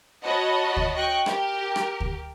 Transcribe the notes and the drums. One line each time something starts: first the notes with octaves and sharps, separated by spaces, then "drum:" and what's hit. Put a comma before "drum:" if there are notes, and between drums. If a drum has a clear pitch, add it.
F#4 C#5 D#5 F#5 A5 B5
drum: kick
D#5 G5 C#6 F#6
G4 A#4, drum: rim click
drum: rim click
drum: kick